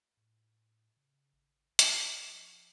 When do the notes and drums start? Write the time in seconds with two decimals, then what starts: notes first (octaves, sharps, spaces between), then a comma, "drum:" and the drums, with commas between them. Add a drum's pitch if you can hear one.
0.17 A2
0.96 C#3
1.33 G#1
1.79 C2, drum: hi-hat
2.27 F3